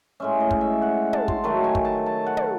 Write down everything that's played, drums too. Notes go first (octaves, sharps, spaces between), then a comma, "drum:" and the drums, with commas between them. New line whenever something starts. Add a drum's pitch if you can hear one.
A2 G#3 C#4 E5
D#5
drum: kick
E5
F#5
A5, drum: tom
C6, drum: kick
D#3 F#3 A3 A5
G#5
drum: kick
A5
A5
F#5
drum: tom